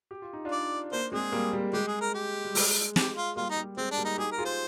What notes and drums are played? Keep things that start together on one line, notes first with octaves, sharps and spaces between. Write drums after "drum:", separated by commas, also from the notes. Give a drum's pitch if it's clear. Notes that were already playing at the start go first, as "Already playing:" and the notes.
G4
F4
D#4
D4 F4
D5
A#3 D4 C5
G#3 C4 G#4
G3 A#3
G3 A#3
G#3 G4
G#4
A#4
G4
G3
G#3, drum: open hi-hat
G4, drum: snare
F4
G3 A#3 F4
D#4
G3
G#3 C4
D4
G3 A#3
D#4
D#4 G4 G#4
A#4
F4 G#4
C5